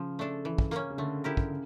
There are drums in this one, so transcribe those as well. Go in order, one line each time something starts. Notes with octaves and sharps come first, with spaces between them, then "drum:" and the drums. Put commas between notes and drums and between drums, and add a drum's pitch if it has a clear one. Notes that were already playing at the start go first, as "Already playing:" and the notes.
Already playing: C#3 F3
A3 D4 A4
E3
drum: kick
A#3 C#4, drum: rim click
C#3
D3 A3
E4 G4 A#4
drum: kick
C#3